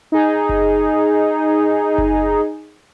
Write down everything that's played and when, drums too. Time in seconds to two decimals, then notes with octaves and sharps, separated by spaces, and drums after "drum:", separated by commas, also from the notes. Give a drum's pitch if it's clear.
0.12 D#4 G#4
0.49 drum: kick F#1
1.98 drum: kick F#1